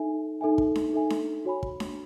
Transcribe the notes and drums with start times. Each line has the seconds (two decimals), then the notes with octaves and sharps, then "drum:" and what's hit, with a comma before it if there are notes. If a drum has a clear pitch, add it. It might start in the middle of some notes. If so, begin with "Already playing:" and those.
Already playing: D#4 A4 E5 G#5
0.41 D#4 A4 E5 G#5
0.58 drum: kick
0.76 drum: snare D4
0.93 D#4 A4 E5 G#5
1.10 drum: snare D4
1.45 F#4 C#5 G#5 B5
1.63 drum: kick
1.80 drum: snare D4